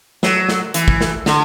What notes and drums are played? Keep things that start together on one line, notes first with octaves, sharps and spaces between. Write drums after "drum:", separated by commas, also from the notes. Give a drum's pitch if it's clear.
F#3, drum: snare
drum: snare
E3, drum: hi-hat
drum: kick
drum: snare
D3, drum: snare